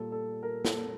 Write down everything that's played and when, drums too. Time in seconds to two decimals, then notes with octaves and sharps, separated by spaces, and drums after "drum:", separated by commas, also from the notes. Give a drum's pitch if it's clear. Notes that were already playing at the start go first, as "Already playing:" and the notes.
Already playing: A#2 G3 A4
0.12 A4
0.43 A#4
0.65 A4, drum: snare